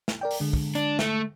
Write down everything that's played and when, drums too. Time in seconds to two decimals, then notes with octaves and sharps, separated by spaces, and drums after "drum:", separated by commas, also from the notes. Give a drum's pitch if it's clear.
0.08 drum: snare
0.21 A#4 D5 G5
0.31 drum: open hi-hat
0.40 D3 G#3
0.53 drum: kick
0.75 D4, drum: hi-hat
0.99 A3, drum: snare